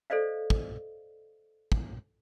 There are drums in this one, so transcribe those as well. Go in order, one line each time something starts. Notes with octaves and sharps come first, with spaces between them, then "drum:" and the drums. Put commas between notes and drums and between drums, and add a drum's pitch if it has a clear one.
A4 C5 D5 D#5 F5
drum: kick
drum: kick